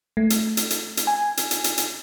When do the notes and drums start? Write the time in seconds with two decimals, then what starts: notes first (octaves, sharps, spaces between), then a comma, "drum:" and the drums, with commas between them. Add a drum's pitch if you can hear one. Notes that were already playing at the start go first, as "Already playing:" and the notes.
0.17 A3
0.30 drum: hi-hat
0.57 drum: hi-hat
0.70 drum: hi-hat
0.97 drum: hi-hat
1.07 G#5
1.37 drum: hi-hat
1.51 drum: hi-hat
1.64 drum: hi-hat
1.78 drum: hi-hat